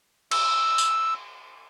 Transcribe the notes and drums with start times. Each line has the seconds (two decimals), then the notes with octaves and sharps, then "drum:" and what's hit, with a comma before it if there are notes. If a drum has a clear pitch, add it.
0.31 E6, drum: cymbal
0.78 drum: tambourine